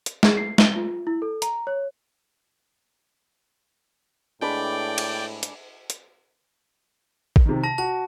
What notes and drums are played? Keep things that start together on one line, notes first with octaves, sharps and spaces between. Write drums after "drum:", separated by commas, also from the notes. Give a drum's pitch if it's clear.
drum: hi-hat
G#4, drum: snare
C7
G7, drum: snare
F4
E4
A4
A#5, drum: hi-hat
C#5
A2 G#3 D4 B4 D5 G5
drum: cymbal
drum: hi-hat
drum: hi-hat
drum: kick A1
C3 D#3
A5 A#6
F#4 A5